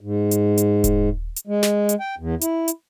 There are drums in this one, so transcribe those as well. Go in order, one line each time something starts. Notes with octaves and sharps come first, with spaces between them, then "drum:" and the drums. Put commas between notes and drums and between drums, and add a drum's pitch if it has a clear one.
G#2
drum: hi-hat
drum: hi-hat
drum: kick D#1, hi-hat
drum: hi-hat
G#3
drum: snare
drum: hi-hat
G5
E2
E4, drum: hi-hat
drum: hi-hat